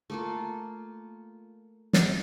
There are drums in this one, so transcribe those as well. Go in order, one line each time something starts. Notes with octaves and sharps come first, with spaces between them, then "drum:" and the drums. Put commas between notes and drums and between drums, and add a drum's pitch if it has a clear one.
A3 A#3 F4
drum: snare